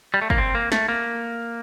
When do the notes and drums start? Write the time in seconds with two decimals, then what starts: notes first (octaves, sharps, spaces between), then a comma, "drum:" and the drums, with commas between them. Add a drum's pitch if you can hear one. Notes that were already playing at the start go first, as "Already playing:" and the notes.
0.14 G3
0.22 A3
0.30 A#3, drum: kick
0.38 C4
0.55 A#3
0.72 A3, drum: snare
0.89 A#3